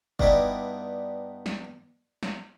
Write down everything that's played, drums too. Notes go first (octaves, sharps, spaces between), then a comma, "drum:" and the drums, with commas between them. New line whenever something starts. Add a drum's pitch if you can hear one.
G2 G3 B3 D#4 E4 D5, drum: kick F#1
drum: snare
drum: snare